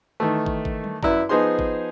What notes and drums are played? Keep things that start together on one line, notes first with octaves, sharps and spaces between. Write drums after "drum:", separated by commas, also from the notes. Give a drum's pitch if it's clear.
D#3 E3 A3
drum: kick
drum: kick
drum: tom F#3
F#2 E4 B4 D5 A#5, drum: kick
F3 B3 D#4 G#4 C5 C6
drum: kick